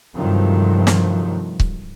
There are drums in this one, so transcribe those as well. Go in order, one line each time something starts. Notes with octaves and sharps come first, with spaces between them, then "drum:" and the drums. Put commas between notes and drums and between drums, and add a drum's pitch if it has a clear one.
G2 C3 D#3 F3 F#3 A3
drum: snare
drum: kick C#1